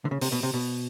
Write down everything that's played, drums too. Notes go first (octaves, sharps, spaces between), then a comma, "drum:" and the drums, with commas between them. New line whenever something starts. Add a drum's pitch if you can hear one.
D3
C#3
C3, drum: open hi-hat
B2
C3
B2